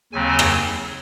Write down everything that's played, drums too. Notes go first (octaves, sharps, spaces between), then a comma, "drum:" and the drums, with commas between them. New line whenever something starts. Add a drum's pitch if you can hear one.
D#2 C#3 F#3 C4 G#5
drum: rim click